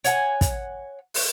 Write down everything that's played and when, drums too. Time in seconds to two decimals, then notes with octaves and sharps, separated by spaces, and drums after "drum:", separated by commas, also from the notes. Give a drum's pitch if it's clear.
0.04 C#5 F#5 G#5, drum: hi-hat
0.41 drum: kick, hi-hat
1.14 drum: open hi-hat